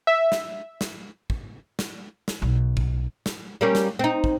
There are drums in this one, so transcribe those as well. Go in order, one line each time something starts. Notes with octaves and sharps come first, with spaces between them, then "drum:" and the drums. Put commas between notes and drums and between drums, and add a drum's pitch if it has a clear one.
E5
drum: snare
drum: snare
drum: kick
drum: snare
drum: snare
B1
drum: kick
drum: snare
G3 A#3 C#4
drum: snare
C4 D#4
drum: kick